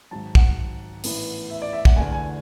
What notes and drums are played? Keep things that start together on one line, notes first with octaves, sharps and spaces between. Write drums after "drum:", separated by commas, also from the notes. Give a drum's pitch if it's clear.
G#1 G#2 F#3 A5
F#5, drum: kick
A1 A2 E3 B3, drum: open hi-hat
E5
D5
E5
F#5, drum: kick
E2 D3 A3 G#5
G#5